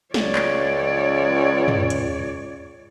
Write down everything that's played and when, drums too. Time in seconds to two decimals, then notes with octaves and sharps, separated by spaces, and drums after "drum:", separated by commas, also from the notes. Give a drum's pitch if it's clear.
0.14 C#2 C#5 D5, drum: snare
0.35 drum: clap
1.68 drum: tom
1.90 drum: hi-hat